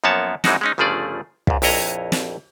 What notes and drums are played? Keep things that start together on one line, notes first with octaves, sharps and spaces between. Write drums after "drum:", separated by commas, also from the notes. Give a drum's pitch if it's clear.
F#2 F3 A#3 B3 C#5 A5
F#2 E3 G#3 C4 D#4 F#4, drum: snare
G#3 C#4 D#4
G1 C#3 F3 A3 G#4 D5
C#2 G#2, drum: kick
A#1 F2 E4 C#5 D#5 A#5, drum: open hi-hat
drum: snare